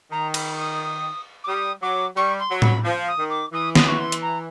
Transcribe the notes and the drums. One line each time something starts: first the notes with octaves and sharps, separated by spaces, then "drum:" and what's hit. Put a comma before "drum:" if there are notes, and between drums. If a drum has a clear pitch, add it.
D#3 A#5
B5, drum: cymbal
D#6
D6
G3 D#6
F#3 D6
G3 C#6
C6
F#3
B5, drum: tom A2
F3
D#6
D#3
D6
E3 D#6
D#6, drum: snare
C#6
C6
drum: hi-hat
A#5